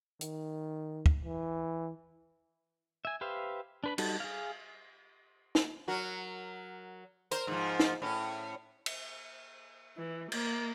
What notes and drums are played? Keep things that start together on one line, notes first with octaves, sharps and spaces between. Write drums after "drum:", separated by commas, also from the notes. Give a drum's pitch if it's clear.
D#3, drum: hi-hat
drum: kick
E3
E5 G#5
G4 B4 C5 E5 F5
D4 B4 B5
G3 D#4 F#4 A4, drum: cymbal
G#4 F5
drum: snare
F#3 F#4 A#4
A#4 C5, drum: hi-hat
G#2 F3
drum: snare
A2 C#4
drum: cymbal
E3
A#3, drum: cymbal